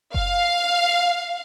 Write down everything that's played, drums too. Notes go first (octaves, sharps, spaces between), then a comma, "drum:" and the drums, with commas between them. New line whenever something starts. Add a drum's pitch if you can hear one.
F5, drum: kick F#1